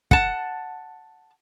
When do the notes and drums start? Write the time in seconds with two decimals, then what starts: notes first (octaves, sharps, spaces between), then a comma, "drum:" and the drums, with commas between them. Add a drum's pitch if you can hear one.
0.11 F#5 A5, drum: kick